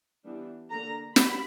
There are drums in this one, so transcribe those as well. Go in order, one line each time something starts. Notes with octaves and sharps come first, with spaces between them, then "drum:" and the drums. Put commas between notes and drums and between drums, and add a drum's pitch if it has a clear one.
E3 G3 B3 D4
D3 A#3 D4 A#5
G3 B5, drum: snare